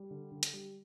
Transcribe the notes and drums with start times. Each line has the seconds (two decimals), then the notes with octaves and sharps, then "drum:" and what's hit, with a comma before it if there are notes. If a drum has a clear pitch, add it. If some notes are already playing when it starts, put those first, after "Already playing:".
Already playing: G3
0.11 D3
0.32 D3
0.43 drum: hi-hat
0.53 G3